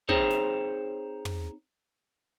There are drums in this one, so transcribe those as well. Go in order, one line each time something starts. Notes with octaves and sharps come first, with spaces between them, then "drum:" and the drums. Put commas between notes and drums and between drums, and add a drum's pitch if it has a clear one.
C4 D#4 G#4 C5 C#5, drum: kick
drum: snare
drum: tom